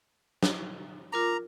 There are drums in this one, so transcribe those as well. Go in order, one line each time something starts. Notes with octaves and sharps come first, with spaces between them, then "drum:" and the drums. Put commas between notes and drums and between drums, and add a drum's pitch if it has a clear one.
drum: snare
F4 A#4 A#5 D6